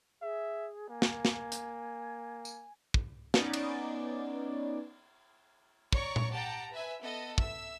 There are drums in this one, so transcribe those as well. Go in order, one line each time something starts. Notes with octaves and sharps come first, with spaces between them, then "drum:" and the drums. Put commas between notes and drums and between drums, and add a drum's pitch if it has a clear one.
G#4 E5
A#3 G#5
drum: snare
drum: snare
drum: hi-hat
drum: tambourine
drum: kick
B3 C#4 D#4 D5, drum: snare
drum: cymbal
C#5 D5 A#5 C#6, drum: kick
drum: tom A#2
G4 F#5 G5 A5 A#5
B4 E5 G#5
B3 A4 D#5
E5 E6, drum: kick